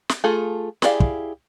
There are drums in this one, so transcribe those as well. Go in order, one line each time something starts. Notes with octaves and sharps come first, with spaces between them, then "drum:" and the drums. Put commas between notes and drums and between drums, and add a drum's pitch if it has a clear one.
drum: snare
A3 F4 G#4 A4
E4 G4 G#4 D5 F5, drum: snare
drum: kick